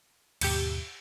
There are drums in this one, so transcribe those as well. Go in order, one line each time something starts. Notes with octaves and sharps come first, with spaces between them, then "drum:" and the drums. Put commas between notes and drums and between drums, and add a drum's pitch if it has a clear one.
D#2 G#2 B2 G4 G6 C#7, drum: cymbal